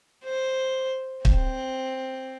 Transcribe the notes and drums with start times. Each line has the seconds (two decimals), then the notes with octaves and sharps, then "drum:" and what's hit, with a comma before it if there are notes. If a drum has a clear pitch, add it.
0.24 C5
1.25 C4, drum: kick